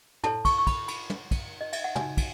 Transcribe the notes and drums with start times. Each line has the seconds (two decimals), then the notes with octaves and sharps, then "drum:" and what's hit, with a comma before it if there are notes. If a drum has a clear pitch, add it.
0.23 E4 A4 C#5 A5, drum: tom
0.45 C#6, drum: kick, cymbal
0.58 C#6
0.67 B5, drum: kick, cymbal
0.88 B5, drum: cymbal
1.10 drum: tom
1.31 drum: kick, cymbal
1.61 D#5
1.73 E5, drum: cymbal
1.84 F#5
1.95 D#4 F#4 C#5 G#5, drum: tom
2.17 drum: kick, cymbal